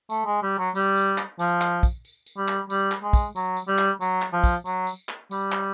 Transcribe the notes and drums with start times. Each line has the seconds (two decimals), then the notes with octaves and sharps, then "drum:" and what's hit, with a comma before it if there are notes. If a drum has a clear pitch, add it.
0.10 A3, drum: tambourine
0.26 G#3
0.42 G3
0.58 F#3
0.75 G3, drum: tambourine
0.96 drum: tambourine
1.18 drum: clap
1.39 F3, drum: tambourine
1.61 drum: clap
1.83 drum: kick, tambourine
2.05 drum: tambourine
2.26 drum: tambourine
2.37 G3
2.48 drum: clap
2.70 G3, drum: tambourine
2.92 drum: clap
3.03 G#3
3.13 drum: kick, tambourine
3.36 F#3, drum: tambourine
3.57 drum: tambourine
3.67 G3
3.78 drum: clap
4.01 F#3, drum: tambourine
4.22 drum: clap
4.32 F3
4.44 drum: kick, tambourine
4.66 F#3, drum: tambourine
4.87 drum: tambourine
5.09 drum: clap
5.31 G3, drum: tambourine
5.52 drum: clap